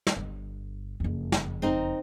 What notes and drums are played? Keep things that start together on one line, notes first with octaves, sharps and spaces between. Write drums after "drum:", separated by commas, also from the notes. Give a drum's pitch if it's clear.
drum: snare
G1
F#1 F2
drum: snare
C4 D#4 A#4